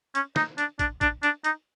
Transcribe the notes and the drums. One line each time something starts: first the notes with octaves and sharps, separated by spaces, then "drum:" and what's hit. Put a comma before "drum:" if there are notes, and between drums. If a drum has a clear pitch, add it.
C#4, drum: hi-hat
D#4, drum: snare
D4, drum: hi-hat
D4, drum: kick, hi-hat
D4, drum: kick, hi-hat
D4, drum: hi-hat
D#4, drum: hi-hat